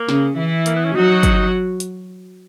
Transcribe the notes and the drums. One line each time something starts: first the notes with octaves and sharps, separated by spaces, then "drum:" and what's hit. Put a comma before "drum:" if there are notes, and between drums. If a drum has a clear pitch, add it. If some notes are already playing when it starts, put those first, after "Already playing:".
Already playing: A#3
C#3 C#4, drum: snare
E3 E4
A#3, drum: hi-hat
B3
C#4
F#3 D#4 F#4
drum: kick, hi-hat
drum: hi-hat